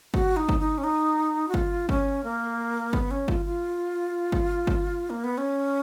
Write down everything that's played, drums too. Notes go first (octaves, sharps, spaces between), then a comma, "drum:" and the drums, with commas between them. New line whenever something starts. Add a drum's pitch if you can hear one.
F#4, drum: kick G1
D#4
drum: kick G1
D#4
C#4
D#4
F#4
F4, drum: kick G1
C#4, drum: kick G1
A#3
B3, drum: kick G1
C#4
F4, drum: kick G1
F4
drum: kick G1
drum: kick G1
A#3
B3
C#4